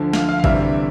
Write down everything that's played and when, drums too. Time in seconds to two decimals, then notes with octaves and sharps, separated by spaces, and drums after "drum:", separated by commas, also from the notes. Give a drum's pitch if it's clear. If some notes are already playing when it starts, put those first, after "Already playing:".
Already playing: D2 D3 F3
0.13 F5, drum: snare
0.29 F5
0.39 F5
0.44 D2 C3 E3 G3 E5, drum: kick A1